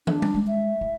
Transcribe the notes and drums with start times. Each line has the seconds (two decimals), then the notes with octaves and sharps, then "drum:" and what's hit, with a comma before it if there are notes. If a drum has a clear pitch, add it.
0.07 D4, drum: tom
0.22 drum: tom
0.34 G#3
0.48 E5
0.81 E4